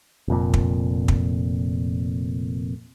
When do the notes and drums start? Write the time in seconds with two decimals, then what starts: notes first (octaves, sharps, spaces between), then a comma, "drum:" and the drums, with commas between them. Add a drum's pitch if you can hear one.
0.28 F1 F2 A#2
0.54 drum: kick
1.08 drum: kick